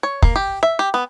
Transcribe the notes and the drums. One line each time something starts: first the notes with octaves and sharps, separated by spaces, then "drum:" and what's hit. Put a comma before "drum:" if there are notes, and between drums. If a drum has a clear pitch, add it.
C#5
A#3, drum: kick
G4
E5
G4
B3